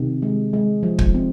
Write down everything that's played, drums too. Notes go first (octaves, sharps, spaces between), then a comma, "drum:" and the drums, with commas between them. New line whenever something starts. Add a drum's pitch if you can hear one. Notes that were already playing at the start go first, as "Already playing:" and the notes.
Already playing: C3 D#3
G#3
G#3
F3
drum: kick
C4